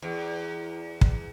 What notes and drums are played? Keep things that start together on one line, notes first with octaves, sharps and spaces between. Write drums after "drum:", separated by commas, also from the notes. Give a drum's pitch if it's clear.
E2
drum: kick